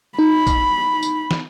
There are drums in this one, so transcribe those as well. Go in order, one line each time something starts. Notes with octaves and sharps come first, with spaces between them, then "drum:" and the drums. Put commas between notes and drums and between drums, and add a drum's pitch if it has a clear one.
D#4 B5
drum: kick, tambourine
drum: tambourine
drum: snare